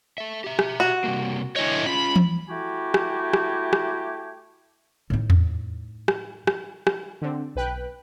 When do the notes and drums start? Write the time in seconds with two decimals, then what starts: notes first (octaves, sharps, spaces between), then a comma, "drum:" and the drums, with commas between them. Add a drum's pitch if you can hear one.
0.18 A4 E5
0.44 G4 E5
0.59 drum: rim click
0.80 F#4
1.04 C3 G3 A#3
1.56 D3 E3 C#5 D#5
1.86 C#4 F4 B5
2.16 drum: tom E3
2.49 A3 E4 F#4 G4 G#5
2.94 drum: rim click
3.33 drum: rim click
3.73 drum: rim click
5.10 A2 D#4
5.30 drum: tom E2
6.08 drum: rim click
6.47 drum: rim click
6.87 drum: rim click
7.22 D3 C4
7.55 B1 B4 G5 F#6